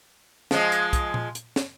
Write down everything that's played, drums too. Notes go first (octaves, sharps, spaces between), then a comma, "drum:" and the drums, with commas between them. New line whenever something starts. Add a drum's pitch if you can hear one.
F3 G#3, drum: snare
drum: hi-hat
drum: kick B1, hi-hat
drum: tom A#2
drum: hi-hat
drum: snare